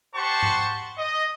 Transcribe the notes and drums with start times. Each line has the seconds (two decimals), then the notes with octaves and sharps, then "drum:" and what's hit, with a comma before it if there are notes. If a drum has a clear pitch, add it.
0.15 G4 C5 F#5 A5 C6 C#6
0.43 drum: tom G#2
0.98 D#5